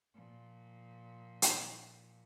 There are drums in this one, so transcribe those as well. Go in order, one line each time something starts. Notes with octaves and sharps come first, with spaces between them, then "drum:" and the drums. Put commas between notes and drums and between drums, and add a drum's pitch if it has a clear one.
A#2 F3
drum: hi-hat